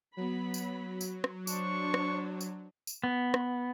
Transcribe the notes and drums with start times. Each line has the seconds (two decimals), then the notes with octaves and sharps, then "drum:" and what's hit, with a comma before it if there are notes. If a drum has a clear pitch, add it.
0.17 F#3 B3 B5
0.54 drum: tambourine
1.01 drum: tambourine
1.24 drum: rim click
1.47 D4 C5 C#5 C#6, drum: tambourine
1.94 drum: rim click
2.41 drum: tambourine
2.87 drum: tambourine
3.04 B3
3.34 drum: rim click